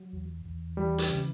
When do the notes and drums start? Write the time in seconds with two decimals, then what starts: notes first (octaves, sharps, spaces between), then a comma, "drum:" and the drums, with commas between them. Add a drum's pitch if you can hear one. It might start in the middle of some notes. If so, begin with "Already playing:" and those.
Already playing: F#3
0.13 E2
0.46 E2
0.77 E3 G3
0.98 drum: hi-hat
1.09 C#3